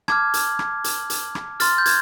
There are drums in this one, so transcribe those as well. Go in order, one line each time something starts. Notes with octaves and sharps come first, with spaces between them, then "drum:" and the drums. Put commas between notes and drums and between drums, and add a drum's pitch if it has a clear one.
A5 D6 F6 G#6, drum: rim click
drum: hi-hat
drum: rim click
drum: hi-hat
drum: hi-hat
drum: rim click
C6 F6 A6, drum: hi-hat
G6
G#6, drum: hi-hat